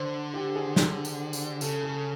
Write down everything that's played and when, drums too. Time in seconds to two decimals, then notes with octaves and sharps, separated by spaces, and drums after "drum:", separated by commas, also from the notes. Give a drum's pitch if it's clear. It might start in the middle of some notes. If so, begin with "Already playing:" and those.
Already playing: D3 C5
0.34 G4
0.55 G#4
0.76 drum: snare
1.05 drum: tambourine
1.33 drum: tambourine
1.61 C#3 A4, drum: tambourine
1.83 A4